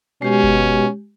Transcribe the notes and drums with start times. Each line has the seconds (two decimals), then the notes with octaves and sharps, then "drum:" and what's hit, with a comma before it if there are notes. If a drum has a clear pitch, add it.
0.22 B2 G#3 C#4 G4
0.43 drum: kick G1